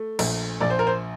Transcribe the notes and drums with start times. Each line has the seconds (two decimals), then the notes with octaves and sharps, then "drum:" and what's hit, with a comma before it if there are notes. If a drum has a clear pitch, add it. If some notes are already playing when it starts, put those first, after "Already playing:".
Already playing: A3
0.19 A#1, drum: cymbal
0.60 A#1 D5
0.70 C5
0.79 A#4
0.87 C5